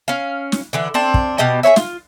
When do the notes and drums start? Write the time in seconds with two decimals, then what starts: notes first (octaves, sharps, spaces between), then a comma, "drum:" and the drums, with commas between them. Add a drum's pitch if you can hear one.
0.08 C#4 F5
0.52 drum: snare
0.73 D3 E3 D4
0.94 C4 D4 A5
1.14 drum: kick
1.38 B2 G4 D#5 A5
1.63 G#4 B4 C#5 E5
1.76 F4, drum: snare